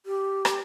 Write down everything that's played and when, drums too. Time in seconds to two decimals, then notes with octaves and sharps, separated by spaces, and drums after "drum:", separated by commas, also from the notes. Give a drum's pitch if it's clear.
0.06 G4
0.45 drum: rim click